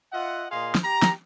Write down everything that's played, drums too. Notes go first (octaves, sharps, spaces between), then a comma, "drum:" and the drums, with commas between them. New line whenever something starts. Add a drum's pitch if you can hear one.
F4 D#5 E5 F#5
A#2 G#4 D#5 F5 C6
drum: snare
G4 A#5
drum: snare